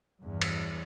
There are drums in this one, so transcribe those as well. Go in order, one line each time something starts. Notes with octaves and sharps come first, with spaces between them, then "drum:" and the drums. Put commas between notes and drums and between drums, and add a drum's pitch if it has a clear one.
E2 G2
drum: cymbal